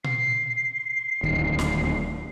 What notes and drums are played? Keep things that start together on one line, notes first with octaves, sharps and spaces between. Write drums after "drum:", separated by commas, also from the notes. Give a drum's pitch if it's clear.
C7, drum: tom A#2
D1 D#2, drum: kick
drum: snare